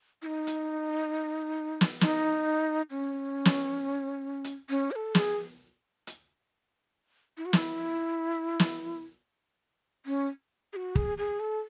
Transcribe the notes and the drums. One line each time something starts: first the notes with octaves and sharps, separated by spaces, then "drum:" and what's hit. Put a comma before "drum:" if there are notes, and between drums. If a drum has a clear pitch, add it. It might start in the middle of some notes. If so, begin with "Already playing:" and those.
E4
D#4
drum: hi-hat
drum: snare
D#4, drum: snare
C#4
drum: snare
drum: hi-hat
C#4
C#5
A4
G#4, drum: snare
drum: hi-hat
E4
F#4
E4, drum: snare
drum: snare
C#4
G#4
F#4
G#4, drum: kick
G#4
A4